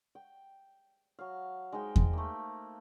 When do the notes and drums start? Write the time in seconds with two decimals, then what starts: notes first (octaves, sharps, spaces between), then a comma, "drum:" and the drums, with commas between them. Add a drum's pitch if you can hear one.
0.15 G5
1.19 F#3 F5
1.72 G#3 D#4 C5 G5
1.96 drum: kick E2
2.13 A3 A#3